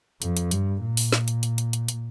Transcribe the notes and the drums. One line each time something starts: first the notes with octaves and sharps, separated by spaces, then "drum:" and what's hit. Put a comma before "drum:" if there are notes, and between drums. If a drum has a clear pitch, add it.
F2, drum: hi-hat
drum: hi-hat
G2, drum: hi-hat
A#2
drum: open hi-hat
drum: snare
drum: hi-hat
drum: hi-hat
drum: hi-hat
drum: hi-hat
drum: hi-hat